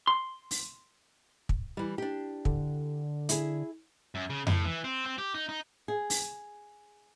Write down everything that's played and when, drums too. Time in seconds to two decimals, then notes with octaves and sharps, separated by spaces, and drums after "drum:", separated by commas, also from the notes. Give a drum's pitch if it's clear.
0.07 C6
0.51 drum: open hi-hat
1.49 drum: kick
1.77 E3 G3
1.98 D4 G4
2.45 D3, drum: kick
3.29 E4 G#4, drum: hi-hat
4.15 F#2
4.30 C#3
4.47 A2, drum: tom F2
4.65 E3
4.84 C4
5.06 C4
5.18 G4
5.34 D#4
5.49 D#4
5.88 G#4
6.10 drum: open hi-hat